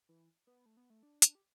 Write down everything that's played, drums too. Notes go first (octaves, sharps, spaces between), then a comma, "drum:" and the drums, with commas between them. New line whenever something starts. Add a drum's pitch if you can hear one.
E3
B3
A3
B3
A3
D4
drum: hi-hat
G4